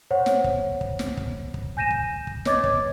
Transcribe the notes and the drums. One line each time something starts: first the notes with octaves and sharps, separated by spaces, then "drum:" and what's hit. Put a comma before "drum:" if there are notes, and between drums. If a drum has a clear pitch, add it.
C5 C#5 F#5
drum: snare
drum: kick
drum: kick
drum: snare
drum: kick
drum: kick
G#5 G6 A#6 D#7 E7
drum: kick
drum: kick
B4 C#5 D#5 D6 G#6 A6, drum: snare
drum: kick